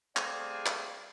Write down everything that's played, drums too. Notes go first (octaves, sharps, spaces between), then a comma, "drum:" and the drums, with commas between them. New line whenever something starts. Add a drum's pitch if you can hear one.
G3 A3 C4 G#4 D5 F5, drum: clap
drum: clap